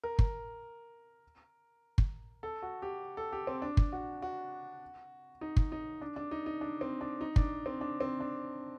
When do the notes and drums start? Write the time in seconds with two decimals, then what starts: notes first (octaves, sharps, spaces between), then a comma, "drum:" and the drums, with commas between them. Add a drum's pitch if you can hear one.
0.04 A#4
0.19 drum: kick
1.98 drum: kick
2.43 A4
2.62 F#4
2.82 G4
3.17 A4
3.32 G4
3.47 C4
3.62 D4
3.77 drum: kick
3.92 F#4
4.22 F#4
5.41 D#4
5.57 drum: kick
5.72 D#4
6.02 D4
6.16 D4
6.31 D#4
6.46 D#4
6.61 D4
6.81 C4
7.01 D4
7.21 D#4
7.36 D4, drum: kick
7.66 C4
7.81 D4
8.00 C4
8.20 D4